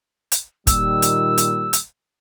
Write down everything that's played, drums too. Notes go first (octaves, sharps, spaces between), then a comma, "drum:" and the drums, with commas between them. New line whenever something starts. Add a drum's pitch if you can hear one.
drum: hi-hat
A#2 D#3 G3 E6, drum: kick, hi-hat
drum: hi-hat
drum: hi-hat
drum: hi-hat